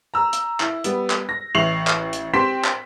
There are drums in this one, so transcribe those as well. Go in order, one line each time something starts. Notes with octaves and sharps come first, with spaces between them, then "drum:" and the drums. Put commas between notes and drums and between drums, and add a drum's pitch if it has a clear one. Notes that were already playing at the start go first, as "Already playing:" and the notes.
A#5 E6
drum: hi-hat
E4, drum: clap
G3 B3, drum: hi-hat
drum: clap
A#6
A1 E5 C#6 C7 F7 F#7
drum: clap
drum: hi-hat
C4 G4 C6 B6 E7
drum: clap